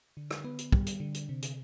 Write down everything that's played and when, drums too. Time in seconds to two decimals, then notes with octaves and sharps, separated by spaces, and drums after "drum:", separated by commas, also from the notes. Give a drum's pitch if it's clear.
0.17 D3
0.31 drum: rim click
0.44 B3
0.59 drum: hi-hat
0.72 G3, drum: kick
0.86 drum: hi-hat
1.00 D3
1.14 drum: hi-hat
1.29 C3
1.42 drum: hi-hat